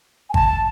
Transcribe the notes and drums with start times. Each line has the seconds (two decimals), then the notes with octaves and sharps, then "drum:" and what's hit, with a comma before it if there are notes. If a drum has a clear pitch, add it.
0.30 G#5
0.34 A5, drum: kick G#1